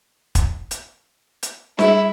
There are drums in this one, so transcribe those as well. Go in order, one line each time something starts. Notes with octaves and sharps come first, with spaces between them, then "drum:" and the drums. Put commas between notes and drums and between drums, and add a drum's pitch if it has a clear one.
drum: kick, hi-hat
drum: hi-hat
drum: hi-hat
G3 E4 G#4, drum: snare